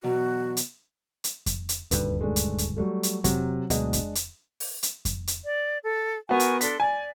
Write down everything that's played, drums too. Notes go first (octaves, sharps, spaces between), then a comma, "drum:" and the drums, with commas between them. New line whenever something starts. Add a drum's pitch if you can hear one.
E2 B2 F#3 F#4
drum: hi-hat
drum: hi-hat
drum: kick F2, hi-hat
drum: hi-hat
D#1 D2 G2 B4, drum: hi-hat
G#3 A3 D4
drum: hi-hat
drum: hi-hat
F#3 G3 A3
drum: hi-hat
C3 F#3, drum: kick F2, hi-hat
D2 B2 F#3 G#3 D4 D#5, drum: hi-hat
drum: kick F2, hi-hat
drum: hi-hat
drum: open hi-hat
drum: hi-hat
drum: kick F2, hi-hat
drum: hi-hat
D5
A4
B3 F#4 A#4 G#5 C#6
drum: hi-hat
D4 A4 C6 B6, drum: hi-hat
D5 G#5